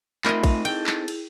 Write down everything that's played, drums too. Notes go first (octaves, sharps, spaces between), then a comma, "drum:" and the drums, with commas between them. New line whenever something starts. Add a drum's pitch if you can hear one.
A3 C4 D#4 F4 A#4 D#5 E5 B5, drum: clap
drum: kick A#1, cymbal
E4 G#4 A4 G5, drum: cymbal
drum: clap
drum: cymbal